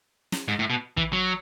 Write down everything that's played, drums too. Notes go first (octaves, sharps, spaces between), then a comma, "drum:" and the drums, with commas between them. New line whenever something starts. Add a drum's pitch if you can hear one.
drum: snare
G#2
A2
B2
E3, drum: kick
F#3